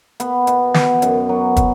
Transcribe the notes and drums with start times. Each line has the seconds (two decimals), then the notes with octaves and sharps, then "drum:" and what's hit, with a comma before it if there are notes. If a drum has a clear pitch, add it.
0.20 B3, drum: hi-hat
0.47 B2, drum: hi-hat
0.74 B3, drum: snare
1.02 F#2, drum: hi-hat
1.29 F#3
1.56 drum: kick, hi-hat